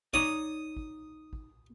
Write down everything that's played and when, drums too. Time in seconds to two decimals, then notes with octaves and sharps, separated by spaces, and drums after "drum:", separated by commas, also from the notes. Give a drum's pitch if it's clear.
0.14 D#4 C#5 D5 D#6, drum: kick
0.77 drum: kick
1.33 drum: kick